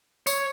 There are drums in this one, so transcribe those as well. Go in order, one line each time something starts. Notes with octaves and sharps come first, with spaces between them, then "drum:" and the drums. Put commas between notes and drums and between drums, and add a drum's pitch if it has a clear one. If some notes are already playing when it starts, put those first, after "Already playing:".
C#5, drum: tambourine